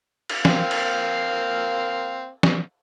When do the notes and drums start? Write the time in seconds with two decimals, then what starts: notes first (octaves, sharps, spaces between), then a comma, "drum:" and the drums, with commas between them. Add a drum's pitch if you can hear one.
0.29 drum: cymbal
0.45 A#3 C4 F5, drum: snare
0.71 drum: cymbal
2.43 drum: snare